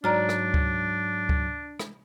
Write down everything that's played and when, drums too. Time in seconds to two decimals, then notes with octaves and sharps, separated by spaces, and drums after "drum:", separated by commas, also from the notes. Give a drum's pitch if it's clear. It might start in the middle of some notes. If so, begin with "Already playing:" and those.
0.04 G#2 F#3 D4 D5 A#5 F6
0.29 drum: rim click
0.54 drum: kick C#2
1.29 drum: kick C#2
1.79 drum: rim click